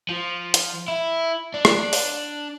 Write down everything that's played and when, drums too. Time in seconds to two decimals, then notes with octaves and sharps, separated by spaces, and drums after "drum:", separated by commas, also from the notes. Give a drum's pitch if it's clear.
0.09 F3
0.54 drum: hi-hat
0.88 E4
1.54 D4
1.65 drum: rim click
1.93 drum: open hi-hat